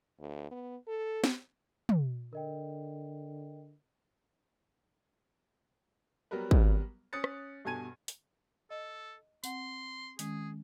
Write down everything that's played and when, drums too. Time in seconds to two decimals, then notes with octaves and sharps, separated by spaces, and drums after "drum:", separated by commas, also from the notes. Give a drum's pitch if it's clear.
0.19 D2
0.51 B3
0.88 A4
1.24 drum: snare
1.89 drum: tom
2.33 D3 A#4 D#5 G5
6.31 F#3 G3 B3 A#4 B4
6.51 drum: kick
7.13 C#4 D#6 F#6 A6 C#7
7.24 drum: rim click
7.65 G2 B2 A4 G#5 G#6 D#7
8.08 drum: hi-hat
8.71 A4 D#5
9.44 C4 F#5 C6, drum: tambourine
10.19 D#3 G#3 C#4 G#4, drum: hi-hat